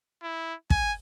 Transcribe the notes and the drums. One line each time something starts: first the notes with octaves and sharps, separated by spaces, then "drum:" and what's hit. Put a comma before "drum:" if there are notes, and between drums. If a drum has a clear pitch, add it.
E4
G#5, drum: kick